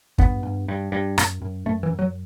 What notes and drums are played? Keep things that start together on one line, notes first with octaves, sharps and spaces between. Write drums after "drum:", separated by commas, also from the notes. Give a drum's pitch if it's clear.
G2 B3, drum: kick
G2
G2
G2
F#2, drum: rim click
F#2
F#2 A3
E3
F#2
F#3